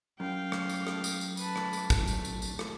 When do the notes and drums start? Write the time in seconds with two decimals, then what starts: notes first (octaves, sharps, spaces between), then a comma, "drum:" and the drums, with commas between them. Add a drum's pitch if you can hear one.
0.20 F#2 F5 G5
0.52 drum: rim click
0.69 drum: tambourine
0.87 drum: rim click
1.04 drum: tambourine
1.21 drum: tambourine
1.37 B4 A5, drum: tambourine
1.56 drum: rim click
1.73 drum: tambourine
1.90 A3, drum: kick, tambourine
2.07 drum: tambourine
2.25 drum: tambourine
2.42 drum: tambourine
2.59 drum: rim click